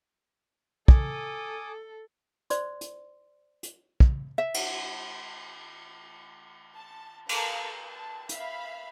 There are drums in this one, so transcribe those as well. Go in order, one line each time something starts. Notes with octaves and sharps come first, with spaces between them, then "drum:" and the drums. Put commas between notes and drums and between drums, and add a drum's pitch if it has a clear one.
A4 G#5 D6 D#6, drum: kick
C5 D5 C6, drum: hi-hat
drum: hi-hat
drum: hi-hat
drum: kick
E5
drum: cymbal
A5
A4 A#4 F5 A#5, drum: cymbal
A5
E5 F5 B5, drum: hi-hat